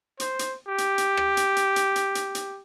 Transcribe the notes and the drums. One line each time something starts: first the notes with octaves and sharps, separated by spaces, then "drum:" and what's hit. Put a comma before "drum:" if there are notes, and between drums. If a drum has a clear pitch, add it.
C5, drum: hi-hat
drum: hi-hat
G4
drum: hi-hat
drum: hi-hat
drum: rim click
drum: hi-hat
drum: hi-hat
drum: hi-hat
drum: hi-hat
drum: hi-hat
drum: hi-hat